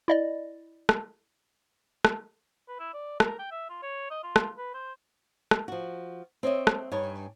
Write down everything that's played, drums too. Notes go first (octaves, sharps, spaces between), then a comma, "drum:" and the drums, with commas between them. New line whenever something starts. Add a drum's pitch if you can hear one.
E4 D5 D#5
drum: rim click
drum: rim click
B4
E4
D5
A#4, drum: rim click
G5
E5
F4
C#5
D#5
F4
drum: rim click
B4
C5
drum: rim click
F3 F#4
C4 C#5 D#5 E5
drum: rim click
G2 D#4 C#5 G#5